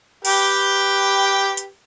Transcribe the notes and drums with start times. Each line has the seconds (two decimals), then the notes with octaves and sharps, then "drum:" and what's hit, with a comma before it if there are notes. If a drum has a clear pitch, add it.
0.25 G4 B4 G5, drum: cymbal
1.57 drum: hi-hat